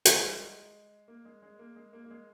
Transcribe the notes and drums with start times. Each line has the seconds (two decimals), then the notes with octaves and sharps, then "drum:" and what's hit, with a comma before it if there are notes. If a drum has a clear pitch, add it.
0.05 A#3, drum: hi-hat
0.14 G#3
0.23 G3
0.31 G#3
1.08 A#3
1.25 G#3
1.42 G#3
1.59 A#3
1.76 G#3
1.93 A#3
2.05 A#3
2.11 G#3